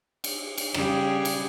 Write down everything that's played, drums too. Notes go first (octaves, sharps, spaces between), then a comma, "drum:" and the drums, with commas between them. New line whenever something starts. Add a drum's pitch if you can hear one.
drum: cymbal
drum: cymbal
C#3 G3 G#4, drum: rim click
drum: cymbal